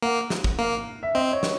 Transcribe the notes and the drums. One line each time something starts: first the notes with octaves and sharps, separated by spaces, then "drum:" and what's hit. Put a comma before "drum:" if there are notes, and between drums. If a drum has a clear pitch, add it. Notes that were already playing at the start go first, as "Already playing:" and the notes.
A#3 F#5
drum: snare
drum: kick
A#3 F5
E5
C4 D#5
C#5
drum: snare